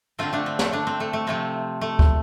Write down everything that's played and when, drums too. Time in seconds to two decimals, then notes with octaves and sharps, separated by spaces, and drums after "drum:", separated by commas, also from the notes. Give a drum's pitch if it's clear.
0.19 D3 A3 C4 F4
0.33 A3 D4
0.46 C4
0.59 A3, drum: snare
0.73 A3 D4
0.87 C4
1.00 A3
1.13 A3
1.27 C3 F3 A3 C4
1.81 A3
1.99 drum: kick D2